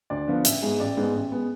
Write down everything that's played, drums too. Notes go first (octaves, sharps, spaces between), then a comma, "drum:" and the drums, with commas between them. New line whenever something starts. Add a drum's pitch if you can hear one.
D2 D5
D3 F3 B3
A1 E5, drum: hi-hat
G#2 G#3 B3
A1 D5
G#2 G#3 B3
A1
G#3 B3